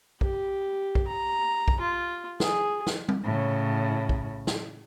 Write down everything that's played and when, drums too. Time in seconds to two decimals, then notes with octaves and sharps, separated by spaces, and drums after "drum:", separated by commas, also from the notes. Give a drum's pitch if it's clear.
0.21 G4, drum: kick
0.95 drum: kick
1.07 A#5
1.68 drum: kick
1.80 F4
2.40 G#4, drum: snare
2.87 drum: snare
3.09 drum: tom G3
3.24 A2 C#3
4.09 drum: kick
4.47 drum: snare